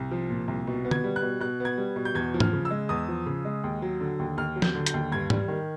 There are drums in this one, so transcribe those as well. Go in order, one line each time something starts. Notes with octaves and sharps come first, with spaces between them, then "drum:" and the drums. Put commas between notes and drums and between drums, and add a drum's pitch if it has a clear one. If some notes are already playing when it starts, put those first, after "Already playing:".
Already playing: C2
F3
A#2
C2
B2
B3
G#6, drum: tom
G3
F#6
B2
B2 F#6
B3 G#6
G3
B2
G6
E2 G#6
F3
F6, drum: tom
C#3
E6
G#3
E2 D#6
F3
C#3
G#3
D#2
F#3
D3
D#2
D#2 F6
F#3
G6, drum: snare
D3
G6, drum: hi-hat
D#2
G2 G#6
G3, drum: tom
D#3